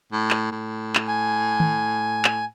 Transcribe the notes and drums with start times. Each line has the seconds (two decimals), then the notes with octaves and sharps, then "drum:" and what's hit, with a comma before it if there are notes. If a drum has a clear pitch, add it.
0.13 A2
0.31 drum: clap
0.52 A2
0.95 drum: clap
1.08 G#5
1.60 drum: tom D#3
2.25 drum: clap